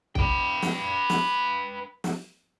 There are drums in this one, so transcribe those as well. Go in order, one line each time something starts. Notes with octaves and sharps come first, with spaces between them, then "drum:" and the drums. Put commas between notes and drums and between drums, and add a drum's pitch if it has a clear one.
B4 G5, drum: kick
drum: snare
drum: snare
drum: snare